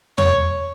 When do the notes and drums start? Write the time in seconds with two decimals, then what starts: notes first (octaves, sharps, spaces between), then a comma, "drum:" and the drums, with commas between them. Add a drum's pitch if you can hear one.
0.18 C#5, drum: tom E2